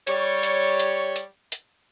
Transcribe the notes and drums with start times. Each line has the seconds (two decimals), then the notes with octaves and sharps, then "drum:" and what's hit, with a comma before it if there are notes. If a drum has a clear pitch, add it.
0.07 G3 C#5, drum: hi-hat
0.43 drum: hi-hat
0.80 drum: hi-hat
1.16 drum: hi-hat
1.52 drum: hi-hat